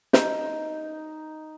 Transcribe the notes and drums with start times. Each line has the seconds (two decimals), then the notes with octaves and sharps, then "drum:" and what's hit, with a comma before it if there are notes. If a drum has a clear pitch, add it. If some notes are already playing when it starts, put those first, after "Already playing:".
0.13 D#4, drum: snare